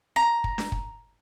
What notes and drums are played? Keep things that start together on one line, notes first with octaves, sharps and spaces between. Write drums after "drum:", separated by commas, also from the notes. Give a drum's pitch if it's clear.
A#5
drum: kick
drum: snare D4
drum: kick